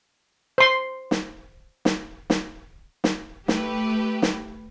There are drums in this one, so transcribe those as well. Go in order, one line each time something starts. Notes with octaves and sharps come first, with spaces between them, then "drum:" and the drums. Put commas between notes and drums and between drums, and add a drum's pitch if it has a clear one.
C5 C6
drum: snare
drum: snare
drum: snare
drum: snare
A3 G4 B4, drum: snare
drum: snare